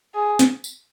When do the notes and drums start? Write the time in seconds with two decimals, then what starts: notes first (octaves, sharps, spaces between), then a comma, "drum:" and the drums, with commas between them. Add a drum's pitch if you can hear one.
0.14 G#4
0.39 drum: snare
0.64 drum: tambourine